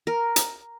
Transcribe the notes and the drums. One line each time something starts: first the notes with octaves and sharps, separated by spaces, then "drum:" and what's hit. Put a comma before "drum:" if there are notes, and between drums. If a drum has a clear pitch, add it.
A#4
drum: hi-hat